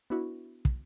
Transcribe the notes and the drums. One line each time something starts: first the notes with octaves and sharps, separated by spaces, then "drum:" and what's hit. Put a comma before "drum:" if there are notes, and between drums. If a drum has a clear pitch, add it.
B3 D4 E4 F#4
drum: kick